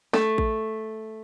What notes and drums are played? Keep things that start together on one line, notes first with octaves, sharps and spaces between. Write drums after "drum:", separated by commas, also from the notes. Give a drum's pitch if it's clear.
A3, drum: snare
drum: kick A1